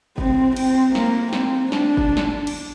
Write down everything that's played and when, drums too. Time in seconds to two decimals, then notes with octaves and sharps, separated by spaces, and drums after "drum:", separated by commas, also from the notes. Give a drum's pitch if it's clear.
0.18 C4, drum: kick G1
0.56 C4, drum: cymbal
0.95 A#3, drum: snare
1.33 C4, drum: snare
1.72 D4, drum: snare
1.97 drum: kick G1
2.17 drum: snare
2.47 drum: cymbal